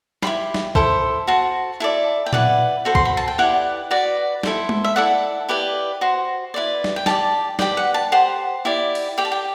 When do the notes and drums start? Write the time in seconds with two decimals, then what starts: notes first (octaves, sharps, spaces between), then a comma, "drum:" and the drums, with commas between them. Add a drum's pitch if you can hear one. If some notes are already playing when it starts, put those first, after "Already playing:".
0.22 E4 G4 C5 B5, drum: snare
0.54 drum: snare
0.75 E4 A4 C5, drum: kick
1.27 F#4 C5 A5
1.80 E4 A4 D5
2.26 G5
2.33 E4 B4 D5 F#5, drum: tom A#2
2.85 F#4 A4 C5
2.95 C6, drum: kick
3.05 B5
3.17 A5
3.28 G5
3.38 E4 G4 B4 D5 F#5
3.91 F#4 B4 D5
4.43 E4 A4 C5, drum: snare
4.69 drum: tom G#3
4.84 E5
4.96 E4 A4 D5 F#5
5.49 E4 G4 B4 D5
6.01 F#4 C5
6.54 E4 B4 D5
6.84 drum: snare
6.96 G5
7.06 G4 D5 A5, drum: snare
7.59 G4 B4 D5 G5, drum: snare
7.77 F#5
7.94 A5
8.12 G4 C5 F#5
8.65 E4 G4 D5
8.95 drum: cymbal
9.17 G4 D5 G5
9.25 A5
9.32 G5